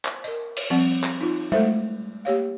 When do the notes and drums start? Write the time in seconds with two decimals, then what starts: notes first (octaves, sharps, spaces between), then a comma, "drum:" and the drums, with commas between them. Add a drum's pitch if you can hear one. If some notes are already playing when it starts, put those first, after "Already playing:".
0.05 drum: clap
0.24 A#4 D#5, drum: tambourine
0.57 drum: cymbal
0.70 F3 G3 C4 F#5
1.04 drum: clap
1.21 D#4 F4
1.52 G#3 A3 A4 C5 E5, drum: tom G3
2.25 A#3 G4 C#5 F5